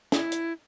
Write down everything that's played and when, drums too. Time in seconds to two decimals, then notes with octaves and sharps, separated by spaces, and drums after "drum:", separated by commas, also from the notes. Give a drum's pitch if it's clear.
0.12 E4, drum: snare
0.32 drum: hi-hat